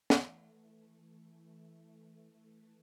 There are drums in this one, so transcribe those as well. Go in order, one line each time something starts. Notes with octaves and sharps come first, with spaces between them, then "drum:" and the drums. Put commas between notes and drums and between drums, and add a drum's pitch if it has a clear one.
E3 A3, drum: snare